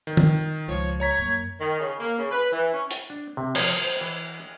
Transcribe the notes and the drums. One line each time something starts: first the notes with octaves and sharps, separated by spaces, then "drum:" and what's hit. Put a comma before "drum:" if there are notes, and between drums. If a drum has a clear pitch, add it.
D#3
drum: tom
C#2 F3 C#5
C#5 A#5 G#6 B6
F#2 A#3
D#3
C#3
A#3
C#3
B4
E3
C#4
drum: hi-hat
D4
C3
F3, drum: cymbal
C5
E3